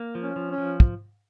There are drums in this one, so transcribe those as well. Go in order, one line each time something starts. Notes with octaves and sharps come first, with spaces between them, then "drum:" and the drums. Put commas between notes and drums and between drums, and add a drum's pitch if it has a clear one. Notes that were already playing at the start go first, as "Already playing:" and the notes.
Already playing: A#3
F3
C#4
F3
C#4
F3
drum: kick